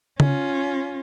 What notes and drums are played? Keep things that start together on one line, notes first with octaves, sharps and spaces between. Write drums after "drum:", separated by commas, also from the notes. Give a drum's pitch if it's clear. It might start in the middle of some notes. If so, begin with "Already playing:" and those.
C#4 F4, drum: tom C#3